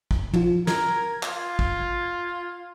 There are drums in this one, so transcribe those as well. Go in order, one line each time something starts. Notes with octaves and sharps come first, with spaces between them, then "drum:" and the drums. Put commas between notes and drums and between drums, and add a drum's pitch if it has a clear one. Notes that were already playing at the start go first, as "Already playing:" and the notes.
drum: kick
F3 F4, drum: tom
A#4 G#6, drum: snare
F4, drum: clap
drum: kick